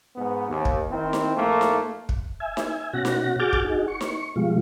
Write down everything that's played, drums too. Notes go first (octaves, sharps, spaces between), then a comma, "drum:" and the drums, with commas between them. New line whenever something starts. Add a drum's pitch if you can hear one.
G#2 B3
D#2
drum: kick
D#3 C4 E4
drum: snare D#4
A#1 A3 A#3
drum: snare D#4
drum: kick
E5 G#5
drum: snare D#4
B2 C#4 F#4 F#5 A#6
drum: snare D#4
F#4 G#4 D6 F6 G6 A6
drum: kick
D#4 F#4 G#4
C#6
drum: snare D#4
B2 F3 G3 G#3 F4